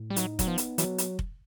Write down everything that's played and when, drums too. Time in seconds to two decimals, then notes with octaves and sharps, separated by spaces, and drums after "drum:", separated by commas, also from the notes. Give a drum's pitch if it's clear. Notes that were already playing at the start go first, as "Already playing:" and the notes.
Already playing: A2
0.10 G3
0.16 F#3 D#4, drum: hi-hat
0.39 F#3, drum: kick F1, hi-hat
0.47 F3 B3
0.58 drum: hi-hat
0.78 E3 F#3, drum: hi-hat
0.98 drum: hi-hat
1.19 drum: kick F1